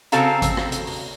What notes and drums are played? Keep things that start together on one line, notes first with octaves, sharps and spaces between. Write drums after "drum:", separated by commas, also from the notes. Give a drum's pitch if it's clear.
C#3 C4 F#4 A4 F5 A#5, drum: hi-hat
drum: kick G#1, hi-hat
drum: rim click
drum: hi-hat
drum: open hi-hat